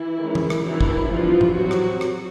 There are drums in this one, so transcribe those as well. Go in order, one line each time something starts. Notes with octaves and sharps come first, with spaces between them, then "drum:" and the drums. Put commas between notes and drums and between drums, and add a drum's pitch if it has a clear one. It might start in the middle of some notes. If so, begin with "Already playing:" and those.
Already playing: E3 E4
D#3 G#3 C#4
drum: tom
drum: rim click
D#3 E3 F#3 B3 D4 E4
drum: kick
E3 F3 G3 B3 D4 F4
drum: tom A2
F#3 G3 C4 F#4
drum: rim click
drum: rim click